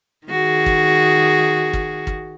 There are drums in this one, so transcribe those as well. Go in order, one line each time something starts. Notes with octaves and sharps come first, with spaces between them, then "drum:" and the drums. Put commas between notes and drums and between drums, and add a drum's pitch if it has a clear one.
D#3 F#4 G#4
drum: kick
drum: kick
drum: kick